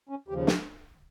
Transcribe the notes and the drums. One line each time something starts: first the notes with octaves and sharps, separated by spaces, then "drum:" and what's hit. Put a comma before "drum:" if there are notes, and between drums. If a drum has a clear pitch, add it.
C#4
D#2 C#3 F3 G4
G4, drum: snare